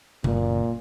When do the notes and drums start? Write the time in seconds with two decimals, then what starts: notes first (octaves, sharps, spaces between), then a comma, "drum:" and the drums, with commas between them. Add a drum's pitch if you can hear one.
0.24 F#1 A#2, drum: tom B2